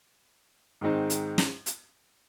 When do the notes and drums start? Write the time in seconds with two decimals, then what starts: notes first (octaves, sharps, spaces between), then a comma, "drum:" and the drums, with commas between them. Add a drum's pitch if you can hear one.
0.81 G#2 D#3 G#3 C4 D#4
1.10 drum: hi-hat
1.38 drum: snare
1.66 drum: hi-hat